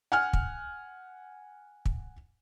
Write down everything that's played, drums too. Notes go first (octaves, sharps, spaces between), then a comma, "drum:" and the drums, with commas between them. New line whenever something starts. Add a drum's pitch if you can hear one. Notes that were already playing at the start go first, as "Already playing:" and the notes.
F#5 G#5 F6
drum: kick
drum: kick